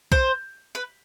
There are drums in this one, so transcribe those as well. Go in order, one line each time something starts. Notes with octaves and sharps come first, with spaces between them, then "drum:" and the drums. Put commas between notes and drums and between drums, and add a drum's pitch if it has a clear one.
C5, drum: kick B1
B4